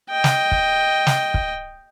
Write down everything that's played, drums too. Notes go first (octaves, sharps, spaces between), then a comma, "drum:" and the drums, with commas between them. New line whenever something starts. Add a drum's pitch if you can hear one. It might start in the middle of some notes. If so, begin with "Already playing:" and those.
D#5 G5
drum: snare
drum: kick
drum: snare
drum: kick